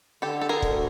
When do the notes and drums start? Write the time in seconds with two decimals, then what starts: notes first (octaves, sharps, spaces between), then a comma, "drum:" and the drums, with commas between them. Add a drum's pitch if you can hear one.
0.22 D3 G4 A4
0.41 A4
0.49 G#4 A#4
0.62 D2, drum: kick